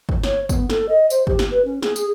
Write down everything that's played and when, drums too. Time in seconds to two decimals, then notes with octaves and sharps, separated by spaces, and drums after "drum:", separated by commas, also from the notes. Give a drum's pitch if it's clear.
0.09 drum: kick
0.24 C#5, drum: snare
0.49 B3, drum: kick, tambourine
0.70 A4, drum: snare
0.89 D#5
1.10 C5, drum: tambourine
1.27 G4, drum: kick
1.39 drum: snare
1.51 B4
1.65 C#4
1.82 G#4, drum: snare
1.96 G#4, drum: tambourine